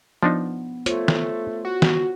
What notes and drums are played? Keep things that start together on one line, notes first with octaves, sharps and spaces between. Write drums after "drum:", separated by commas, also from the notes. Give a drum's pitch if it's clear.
F3 B3 D4 D#4
A3 F4 C5 C#5, drum: hi-hat
drum: snare
F#4
drum: snare